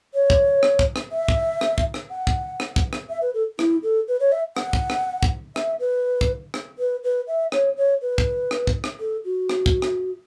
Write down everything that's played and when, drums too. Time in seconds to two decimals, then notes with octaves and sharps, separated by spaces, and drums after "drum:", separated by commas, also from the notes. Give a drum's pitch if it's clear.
0.14 C#5
0.30 drum: kick
0.63 drum: rim click
0.79 drum: kick
0.96 drum: rim click
1.12 E5
1.28 drum: kick
1.61 drum: rim click
1.78 drum: kick
1.94 drum: rim click
2.10 F#5
2.27 drum: kick
2.60 drum: rim click
2.76 drum: kick
2.93 drum: rim click
3.09 E5
3.22 B4
3.34 A4
3.59 E4, drum: rim click
3.83 A4
4.08 B4
4.20 C#5
4.32 E5
4.57 F#5, drum: rim click
4.73 drum: kick
4.90 drum: rim click
5.23 drum: kick
5.56 E5, drum: rim click
5.80 B4
6.21 drum: kick
6.54 drum: rim click
6.79 B4
7.04 B4
7.27 E5
7.52 C#5, drum: rim click
7.77 C#5
8.01 B4
8.18 drum: kick
8.51 drum: rim click
8.67 drum: kick
8.84 drum: rim click
9.00 A4
9.25 F#4
9.50 drum: rim click
9.66 drum: kick
9.82 drum: rim click